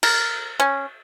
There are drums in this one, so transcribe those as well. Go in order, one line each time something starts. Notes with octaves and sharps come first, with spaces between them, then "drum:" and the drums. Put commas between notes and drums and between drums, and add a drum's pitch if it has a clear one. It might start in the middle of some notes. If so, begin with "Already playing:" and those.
A#4, drum: cymbal
C#4